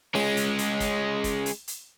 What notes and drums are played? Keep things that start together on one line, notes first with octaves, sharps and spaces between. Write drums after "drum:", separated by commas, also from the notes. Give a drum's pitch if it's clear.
G#3 C#4, drum: open hi-hat
drum: hi-hat
drum: hi-hat
drum: kick, hi-hat
drum: kick, hi-hat
drum: hi-hat
drum: hi-hat